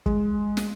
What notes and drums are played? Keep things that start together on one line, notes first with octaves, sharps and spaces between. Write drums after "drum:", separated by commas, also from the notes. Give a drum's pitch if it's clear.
G#3, drum: kick
drum: snare